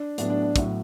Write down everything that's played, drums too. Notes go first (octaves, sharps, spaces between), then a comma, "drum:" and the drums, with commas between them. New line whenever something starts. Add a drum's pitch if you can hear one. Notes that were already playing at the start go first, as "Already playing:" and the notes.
Already playing: D4
A2 F#3 B3 D4, drum: hi-hat
D4
D4
A2 F#3 B3, drum: kick, hi-hat